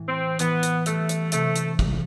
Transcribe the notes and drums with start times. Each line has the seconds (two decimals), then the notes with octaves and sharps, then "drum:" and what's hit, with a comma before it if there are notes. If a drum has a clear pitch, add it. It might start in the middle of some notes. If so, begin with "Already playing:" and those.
Already playing: A2 E3
0.08 C4
0.39 E3 B3, drum: hi-hat
0.63 drum: hi-hat
0.86 G3 A3, drum: hi-hat
1.09 drum: hi-hat
1.32 C3 A3, drum: hi-hat
1.56 drum: hi-hat
1.79 C3, drum: kick